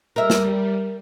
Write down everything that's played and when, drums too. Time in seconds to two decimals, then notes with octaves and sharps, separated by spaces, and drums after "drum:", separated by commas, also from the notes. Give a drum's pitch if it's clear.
0.16 G3 A#4 E5
0.30 drum: snare